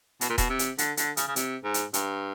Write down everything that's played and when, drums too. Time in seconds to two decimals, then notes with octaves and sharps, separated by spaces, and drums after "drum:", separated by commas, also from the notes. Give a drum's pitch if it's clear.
0.21 B2, drum: hi-hat
0.29 A#2
0.38 B2, drum: kick D#1, hi-hat
0.50 C3
0.59 drum: hi-hat
0.78 D3, drum: hi-hat
0.97 D3, drum: hi-hat
1.17 C#3, drum: hi-hat
1.28 C#3
1.36 C3, drum: hi-hat
1.64 G#2
1.74 drum: hi-hat
1.94 G2, drum: hi-hat